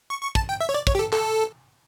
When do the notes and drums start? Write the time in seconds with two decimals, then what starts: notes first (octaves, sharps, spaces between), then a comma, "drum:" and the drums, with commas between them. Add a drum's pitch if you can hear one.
0.10 C#6
0.23 C#6
0.35 A5, drum: kick
0.49 G5
0.61 E5
0.69 C#5
0.74 D5
0.87 C#5, drum: kick
0.95 G4
0.99 A4
1.13 A4, drum: clap